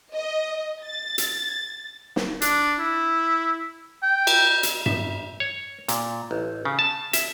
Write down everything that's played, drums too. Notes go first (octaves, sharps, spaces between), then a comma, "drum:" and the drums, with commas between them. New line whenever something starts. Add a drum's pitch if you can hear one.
D#5
A6
drum: hi-hat
drum: snare
D4, drum: hi-hat
E4
G5
drum: cymbal
drum: hi-hat
E5, drum: tom G2
C#5
A#2, drum: hi-hat
A1
C#3
A5
E5, drum: hi-hat